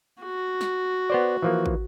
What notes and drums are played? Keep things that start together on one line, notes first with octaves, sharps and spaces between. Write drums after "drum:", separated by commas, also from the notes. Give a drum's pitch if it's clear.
F#4
drum: snare
B3 C5 D5
E3 F3 A#3
drum: kick